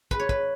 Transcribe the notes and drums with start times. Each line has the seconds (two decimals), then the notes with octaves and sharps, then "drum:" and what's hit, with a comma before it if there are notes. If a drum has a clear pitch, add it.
0.11 B4, drum: kick
0.20 C#5
0.29 B4, drum: kick